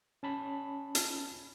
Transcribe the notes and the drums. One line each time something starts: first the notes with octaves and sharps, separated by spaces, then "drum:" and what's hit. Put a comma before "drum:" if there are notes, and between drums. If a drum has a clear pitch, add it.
C#4 A5 B5
drum: hi-hat